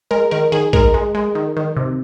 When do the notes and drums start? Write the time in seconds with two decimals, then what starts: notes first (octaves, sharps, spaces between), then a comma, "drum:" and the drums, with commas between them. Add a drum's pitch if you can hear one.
0.11 G#3 A#4
0.31 D#3 A#4
0.52 D#3 G#4
0.73 G#3 A#4, drum: kick A#1
0.94 G#3
1.15 G#3
1.35 D#3
1.57 D#3
1.77 C3